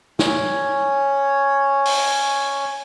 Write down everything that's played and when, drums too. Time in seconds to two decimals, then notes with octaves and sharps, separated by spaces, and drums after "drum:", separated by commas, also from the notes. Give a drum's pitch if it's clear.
0.19 C#4 C#5, drum: snare
1.85 drum: open hi-hat